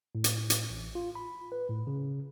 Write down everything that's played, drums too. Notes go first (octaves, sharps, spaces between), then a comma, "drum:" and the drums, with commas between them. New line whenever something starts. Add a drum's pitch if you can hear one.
A2
drum: hi-hat
drum: hi-hat
A1
F4
B5
B4
A2
C#3